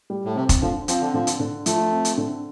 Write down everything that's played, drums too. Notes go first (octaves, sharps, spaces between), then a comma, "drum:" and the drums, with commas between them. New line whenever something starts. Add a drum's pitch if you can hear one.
G3
A2
C3 C4
drum: kick, hi-hat
D3 F3
F3 C4, drum: hi-hat
D3
D3 F3
drum: hi-hat
D3
F3 A3, drum: hi-hat
C4
drum: hi-hat
D3